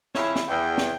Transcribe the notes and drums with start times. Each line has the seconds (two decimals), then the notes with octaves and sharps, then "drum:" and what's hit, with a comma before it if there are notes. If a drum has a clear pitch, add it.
0.15 F2 C#3 E4 C#5, drum: snare
0.36 drum: snare
0.49 E2 G5
0.78 drum: snare